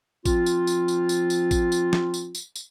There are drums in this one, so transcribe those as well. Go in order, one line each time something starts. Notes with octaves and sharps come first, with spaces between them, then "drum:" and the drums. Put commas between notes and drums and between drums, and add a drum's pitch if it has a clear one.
F3 C4 F4, drum: kick, tambourine
drum: tambourine
drum: tambourine
drum: tambourine
drum: tambourine
drum: tambourine
drum: kick, tambourine
drum: tambourine
drum: snare
drum: tambourine
drum: tambourine
drum: tambourine